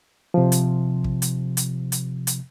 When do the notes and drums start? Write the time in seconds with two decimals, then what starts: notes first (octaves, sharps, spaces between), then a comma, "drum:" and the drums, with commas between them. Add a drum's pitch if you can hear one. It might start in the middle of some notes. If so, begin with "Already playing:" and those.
0.34 C3 F3
0.52 drum: hi-hat
1.04 drum: kick
1.22 drum: hi-hat
1.57 drum: hi-hat
1.92 drum: hi-hat
2.27 drum: hi-hat